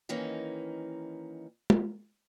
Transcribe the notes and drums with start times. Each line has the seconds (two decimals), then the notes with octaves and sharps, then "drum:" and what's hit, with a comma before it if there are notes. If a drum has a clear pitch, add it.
0.09 D#3 E3 A#3 C#4 D#4
1.70 drum: tom